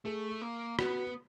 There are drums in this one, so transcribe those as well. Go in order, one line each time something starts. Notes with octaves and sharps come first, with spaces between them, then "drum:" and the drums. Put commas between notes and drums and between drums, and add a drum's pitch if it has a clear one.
A3 G#4
A#3
B3 F#4, drum: rim click